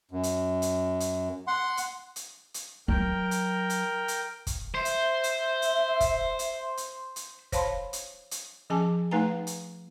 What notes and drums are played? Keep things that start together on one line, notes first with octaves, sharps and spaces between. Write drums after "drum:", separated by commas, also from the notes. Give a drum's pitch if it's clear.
F#2
drum: hi-hat
drum: hi-hat
drum: hi-hat
F#5 C6
drum: hi-hat
drum: hi-hat
drum: hi-hat
F#3 A#4 G5
drum: hi-hat
drum: hi-hat
drum: hi-hat
drum: kick, hi-hat
C5 E5
drum: hi-hat
drum: hi-hat
drum: hi-hat
drum: kick, hi-hat
drum: hi-hat
drum: hi-hat
drum: hi-hat
C5 C#5 F5 A5 B5 C6, drum: kick, hi-hat
drum: hi-hat
drum: hi-hat
F3 C#4 G#4 G#5 A5 D6
A3 D#4 B4 F5 G#5 A#5
drum: hi-hat